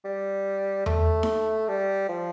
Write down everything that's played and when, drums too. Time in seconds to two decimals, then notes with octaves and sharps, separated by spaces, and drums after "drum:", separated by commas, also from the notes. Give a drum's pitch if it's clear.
0.04 G3
0.86 A3, drum: tom E2
1.23 drum: snare D#4
1.69 G3
2.09 F3